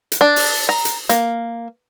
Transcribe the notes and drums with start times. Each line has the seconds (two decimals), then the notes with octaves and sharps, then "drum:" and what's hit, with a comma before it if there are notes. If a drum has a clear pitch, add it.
0.12 drum: hi-hat
0.21 D4
0.36 drum: open hi-hat
0.69 A#5
0.85 drum: hi-hat
1.09 A#3, drum: hi-hat